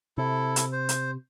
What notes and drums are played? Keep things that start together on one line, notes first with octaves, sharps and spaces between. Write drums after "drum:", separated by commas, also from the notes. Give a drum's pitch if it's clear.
C3 E4 A4
drum: hi-hat
C5
drum: hi-hat